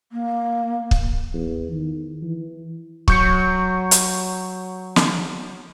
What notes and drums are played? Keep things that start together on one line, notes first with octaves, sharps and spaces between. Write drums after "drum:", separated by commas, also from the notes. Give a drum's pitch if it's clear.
A#3
drum: kick
E2
D#3
E3
F#3 C#6 G6 C#7, drum: kick
drum: hi-hat
drum: snare